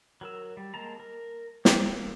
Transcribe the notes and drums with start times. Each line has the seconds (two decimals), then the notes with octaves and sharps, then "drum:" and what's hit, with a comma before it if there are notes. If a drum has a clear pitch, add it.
0.21 F#3 A#4 E6
0.57 G3
0.74 G#3 A#3 A5 A#5
1.00 A#4
1.65 G4, drum: snare
1.86 E3 A#3